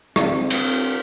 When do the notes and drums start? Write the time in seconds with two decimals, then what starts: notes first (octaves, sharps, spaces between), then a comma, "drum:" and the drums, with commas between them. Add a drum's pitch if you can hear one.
0.16 C4, drum: rim click
0.50 drum: cymbal